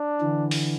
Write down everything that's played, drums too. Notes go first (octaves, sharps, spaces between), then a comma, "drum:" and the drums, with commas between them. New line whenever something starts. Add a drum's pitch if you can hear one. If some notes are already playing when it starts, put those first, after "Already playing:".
Already playing: D4
D3 E3
drum: open hi-hat